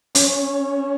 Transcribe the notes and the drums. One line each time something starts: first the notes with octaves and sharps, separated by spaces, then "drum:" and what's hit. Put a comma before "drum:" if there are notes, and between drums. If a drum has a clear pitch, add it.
C#4, drum: hi-hat